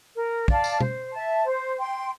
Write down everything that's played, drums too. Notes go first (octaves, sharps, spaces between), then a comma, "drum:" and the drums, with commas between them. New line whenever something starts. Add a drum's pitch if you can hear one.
A#4
D5 F5 A5, drum: kick
drum: tambourine
C5, drum: tom B2
E5 A5
C5
G5 C6